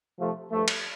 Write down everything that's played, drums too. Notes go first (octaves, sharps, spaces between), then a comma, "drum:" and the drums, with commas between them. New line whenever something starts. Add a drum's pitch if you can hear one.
C3 F3 A3
G2 F3 A3
drum: cymbal